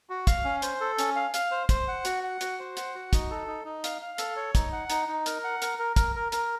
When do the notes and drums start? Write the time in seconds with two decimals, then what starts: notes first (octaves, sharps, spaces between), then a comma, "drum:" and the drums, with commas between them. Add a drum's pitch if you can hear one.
0.10 F#4
0.27 F5, drum: kick, hi-hat
0.45 C#4
0.62 C5, drum: hi-hat
0.81 A4
0.99 C#4, drum: hi-hat
1.16 F5
1.34 F5, drum: hi-hat
1.51 C5
1.69 C5, drum: kick, hi-hat
1.88 F#5
2.05 F#4, drum: hi-hat
2.24 F#5
2.41 F#4, drum: hi-hat
2.59 C5
2.77 F#5, drum: hi-hat
2.95 F#4
3.13 D#4, drum: kick, hi-hat
3.30 A4
3.47 D#4
3.65 D#4
3.84 F5, drum: hi-hat
4.01 F5
4.18 A4, drum: hi-hat
4.36 C#5
4.55 D#4, drum: kick, hi-hat
4.72 F#5
4.90 D#4, drum: hi-hat
5.09 D#4
5.26 A#4, drum: hi-hat
5.44 F#5
5.62 A#4, drum: hi-hat
5.79 A#4
5.96 A#4, drum: kick, hi-hat
6.15 A#4
6.32 A#4, drum: hi-hat